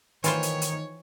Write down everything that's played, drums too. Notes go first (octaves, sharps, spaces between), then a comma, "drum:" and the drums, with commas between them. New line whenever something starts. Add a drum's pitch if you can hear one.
D#3 E3 F4 C5 C#5, drum: hi-hat
drum: hi-hat
drum: hi-hat